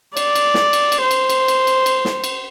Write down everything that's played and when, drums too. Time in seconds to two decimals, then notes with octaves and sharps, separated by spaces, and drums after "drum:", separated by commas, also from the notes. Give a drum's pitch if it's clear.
0.17 D5, drum: cymbal
0.35 drum: cymbal
0.54 drum: snare
0.73 drum: cymbal
0.92 drum: cymbal
1.02 C5
1.11 drum: cymbal
1.30 drum: cymbal
1.48 drum: cymbal
1.67 drum: cymbal
1.86 drum: cymbal
2.05 drum: snare
2.24 drum: cymbal